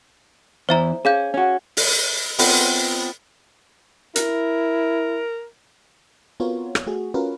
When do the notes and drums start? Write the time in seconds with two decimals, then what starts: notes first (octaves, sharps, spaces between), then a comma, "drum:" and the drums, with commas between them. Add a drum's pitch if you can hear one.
0.69 E2 E4 C5 E5 A#5
1.05 C#4 G#4 F5 G6
1.34 C#4 F#4
1.77 drum: open hi-hat
2.39 B3 C4 F4, drum: open hi-hat
4.16 E4 A#4, drum: hi-hat
6.40 B3 C4 F4 F#4 A#4 C#5
6.75 drum: rim click
6.87 A3 F#4 G#4
7.14 C#4 F4 F#4 A#4 B4